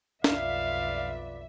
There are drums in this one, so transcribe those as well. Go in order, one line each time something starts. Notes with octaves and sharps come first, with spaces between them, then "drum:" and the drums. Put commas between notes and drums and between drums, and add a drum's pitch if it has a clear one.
B1 F2 F4 B4 D5 E5 F5, drum: snare